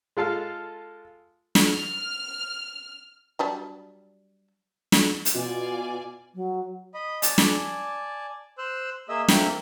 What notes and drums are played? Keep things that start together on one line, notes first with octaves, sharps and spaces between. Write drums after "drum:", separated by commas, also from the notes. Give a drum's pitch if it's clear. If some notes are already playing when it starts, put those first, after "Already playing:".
G#3 F4 A4 F5
drum: snare
F6
F#3 G3 D4
drum: snare
drum: hi-hat
B2 F4 D5 G#5
F#3
D#5 B5
D5 G#5 A5, drum: hi-hat
drum: snare
C5 E6 F#6
A#3 G#4 D#5 E5 E6
A#3 C4 E5 G6, drum: snare